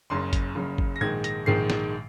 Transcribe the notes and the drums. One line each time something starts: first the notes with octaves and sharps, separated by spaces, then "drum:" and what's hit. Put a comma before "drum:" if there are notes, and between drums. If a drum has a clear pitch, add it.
F#1 F#2 C#3 C6
drum: kick G1, hi-hat
F#1 F#2 C#3
drum: kick G1
A#6
A#1 G#2 D#3 G#3 G#6
A#6, drum: hi-hat
A#1 G#2 D#3 G#3 C7
drum: snare